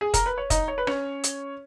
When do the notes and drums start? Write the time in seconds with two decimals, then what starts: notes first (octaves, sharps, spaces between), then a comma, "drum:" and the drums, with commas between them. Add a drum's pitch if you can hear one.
0.01 G#4
0.14 A#4, drum: kick, hi-hat
0.26 B4
0.38 C#5
0.50 D#4 D#5, drum: kick, hi-hat
0.68 C#5
0.78 B4
0.87 C#4 C#5, drum: rim click
1.24 drum: hi-hat